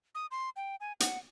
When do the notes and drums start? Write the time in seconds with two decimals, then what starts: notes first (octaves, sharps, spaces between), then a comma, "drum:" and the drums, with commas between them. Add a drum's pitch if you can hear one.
0.15 D#6
0.31 C6
0.56 G5
0.80 G#5
1.00 F#5, drum: hi-hat